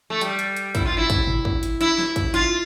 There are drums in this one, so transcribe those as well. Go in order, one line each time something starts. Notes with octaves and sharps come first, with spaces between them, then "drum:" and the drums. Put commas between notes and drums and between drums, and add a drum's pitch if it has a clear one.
A3
G3, drum: hi-hat
drum: hi-hat
drum: hi-hat
E4, drum: kick, hi-hat
F4
E4
drum: kick, hi-hat
drum: tom
drum: kick
drum: hi-hat
E4, drum: hi-hat
drum: snare F3
drum: kick, hi-hat
F4, drum: hi-hat